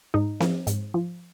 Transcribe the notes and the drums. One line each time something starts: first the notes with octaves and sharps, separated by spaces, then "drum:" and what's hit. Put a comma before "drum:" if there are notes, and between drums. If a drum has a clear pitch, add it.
G#2 D#4
F3, drum: snare C4
G#2, drum: hi-hat
F3